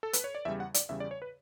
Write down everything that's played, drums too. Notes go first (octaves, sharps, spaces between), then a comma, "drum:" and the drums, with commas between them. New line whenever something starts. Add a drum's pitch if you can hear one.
A4
B4, drum: hi-hat
C#5
D5
E2 C#3 G3 E5
F#5
D5, drum: hi-hat
E2 C#3 G3 E5
D5
C#5
B4